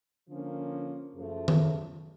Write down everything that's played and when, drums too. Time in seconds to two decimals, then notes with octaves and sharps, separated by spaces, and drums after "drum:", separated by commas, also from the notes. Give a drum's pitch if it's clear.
0.28 D3 F3 A#3 C#4
1.13 F#2 C#3 F3 A3
1.48 drum: tom D#3